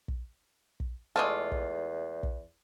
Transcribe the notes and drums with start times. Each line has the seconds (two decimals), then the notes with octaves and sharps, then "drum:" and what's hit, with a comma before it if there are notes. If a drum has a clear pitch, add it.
0.08 drum: kick
0.80 drum: kick
1.16 E2 G#3 A3 F4 A4 D5
1.51 drum: kick
2.23 drum: kick